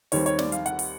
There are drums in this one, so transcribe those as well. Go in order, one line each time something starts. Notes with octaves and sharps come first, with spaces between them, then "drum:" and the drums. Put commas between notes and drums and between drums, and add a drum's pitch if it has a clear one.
D#2 D#3 G3 C4 C#5, drum: open hi-hat
C#5, drum: hi-hat
D5, drum: snare
F5, drum: hi-hat
F#5, drum: hi-hat
drum: open hi-hat